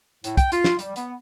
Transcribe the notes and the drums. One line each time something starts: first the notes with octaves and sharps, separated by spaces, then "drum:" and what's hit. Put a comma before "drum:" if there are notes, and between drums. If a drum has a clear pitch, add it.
A2, drum: hi-hat
G5, drum: kick, hi-hat
F4, drum: hi-hat
drum: snare
G3, drum: hi-hat
B3, drum: hi-hat